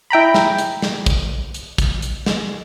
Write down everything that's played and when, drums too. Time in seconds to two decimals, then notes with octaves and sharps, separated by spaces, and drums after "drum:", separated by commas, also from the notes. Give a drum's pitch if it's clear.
0.10 E4 G5 A#5 B5
0.34 drum: snare
0.58 drum: hi-hat
0.82 drum: snare
1.06 drum: kick, hi-hat
1.54 drum: hi-hat
1.78 drum: kick, hi-hat
2.02 drum: hi-hat
2.26 drum: snare